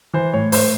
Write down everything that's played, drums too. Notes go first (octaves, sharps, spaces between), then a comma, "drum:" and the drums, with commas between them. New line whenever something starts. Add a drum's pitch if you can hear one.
E3 C5
A2 C#5
A2 C5, drum: open hi-hat